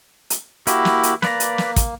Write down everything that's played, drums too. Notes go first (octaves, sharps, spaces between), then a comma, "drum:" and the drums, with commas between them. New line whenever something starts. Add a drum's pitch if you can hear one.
drum: hi-hat
A#3 E4 F#4 G4 B5, drum: hi-hat
drum: snare
drum: hi-hat
A#3 B4 D5 A#5, drum: snare
drum: hi-hat
drum: snare
drum: kick, hi-hat